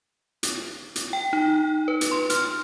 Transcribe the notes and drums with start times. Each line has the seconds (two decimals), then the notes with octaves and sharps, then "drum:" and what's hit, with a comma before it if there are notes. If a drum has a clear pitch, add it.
0.43 drum: hi-hat
0.96 drum: hi-hat
1.13 G5
1.33 D#4
1.88 B4
2.01 drum: hi-hat
2.12 C6
2.30 F6, drum: hi-hat